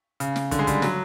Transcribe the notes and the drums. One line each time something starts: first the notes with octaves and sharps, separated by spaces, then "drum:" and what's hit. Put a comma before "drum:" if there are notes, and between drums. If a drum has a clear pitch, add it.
C#3, drum: hi-hat
drum: snare
D3, drum: kick, hi-hat
G#3
G3, drum: kick, hi-hat
F#3, drum: snare